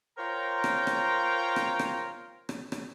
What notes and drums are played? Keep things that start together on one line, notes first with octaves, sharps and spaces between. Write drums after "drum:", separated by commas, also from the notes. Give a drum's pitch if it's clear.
F4 A#4 C5 C#5 G5 A#5
drum: rim click
drum: rim click
drum: rim click
drum: rim click
drum: rim click
drum: rim click